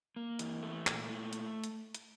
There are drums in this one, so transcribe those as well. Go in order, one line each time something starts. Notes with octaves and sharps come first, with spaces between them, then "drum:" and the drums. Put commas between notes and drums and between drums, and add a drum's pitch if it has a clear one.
A#3
E3, drum: hi-hat
A3
A#2, drum: clap
A3
drum: hi-hat
drum: hi-hat
drum: hi-hat